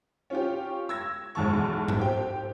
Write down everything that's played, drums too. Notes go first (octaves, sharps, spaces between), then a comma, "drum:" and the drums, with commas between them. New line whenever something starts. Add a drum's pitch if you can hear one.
C#4 F4 G4
E6 G#6 A#6
B1 E2 G#2 E3 A5 C#6
drum: tom G#2
G4 C5 G5